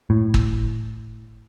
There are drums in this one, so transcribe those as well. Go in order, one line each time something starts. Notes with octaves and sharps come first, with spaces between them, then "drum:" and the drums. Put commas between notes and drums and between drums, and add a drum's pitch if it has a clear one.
A2
drum: kick